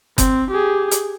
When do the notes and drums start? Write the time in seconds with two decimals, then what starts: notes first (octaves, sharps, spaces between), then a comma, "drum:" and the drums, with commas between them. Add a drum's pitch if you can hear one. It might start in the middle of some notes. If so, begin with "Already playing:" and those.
0.18 C4, drum: kick F#1, hi-hat
0.50 G4 G#4
0.91 drum: hi-hat